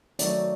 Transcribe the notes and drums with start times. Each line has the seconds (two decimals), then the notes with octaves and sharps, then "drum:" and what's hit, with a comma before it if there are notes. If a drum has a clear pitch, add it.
0.19 D#3 F#3 A3 D5, drum: hi-hat